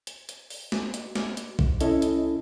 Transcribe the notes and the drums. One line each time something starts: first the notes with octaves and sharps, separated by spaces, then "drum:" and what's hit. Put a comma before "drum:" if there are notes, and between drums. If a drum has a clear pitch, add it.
drum: hi-hat
drum: hi-hat
drum: open hi-hat
drum: snare
drum: hi-hat
drum: snare
drum: hi-hat
drum: kick
C2 C#4 E4 A4 D#5, drum: hi-hat
drum: hi-hat